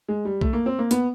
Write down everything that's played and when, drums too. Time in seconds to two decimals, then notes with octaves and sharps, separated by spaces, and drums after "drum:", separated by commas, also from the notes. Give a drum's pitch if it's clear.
0.08 G#3
0.25 G3
0.41 A3, drum: kick B1
0.53 A#3
0.66 C4
0.79 A#3
0.91 B3, drum: hi-hat